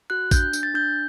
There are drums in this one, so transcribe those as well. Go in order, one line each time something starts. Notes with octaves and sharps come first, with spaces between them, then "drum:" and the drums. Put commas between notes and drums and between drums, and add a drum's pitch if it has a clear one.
F#4 F#6
D4 G6, drum: kick A1, tambourine
D4, drum: tambourine
A6
D4 G6